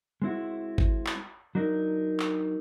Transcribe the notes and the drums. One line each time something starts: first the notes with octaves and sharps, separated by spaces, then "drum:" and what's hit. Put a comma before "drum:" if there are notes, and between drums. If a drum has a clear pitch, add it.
G#3 C4 E4 F#4
drum: kick G#1
drum: clap
F#3 D4 D#4 A#4
drum: clap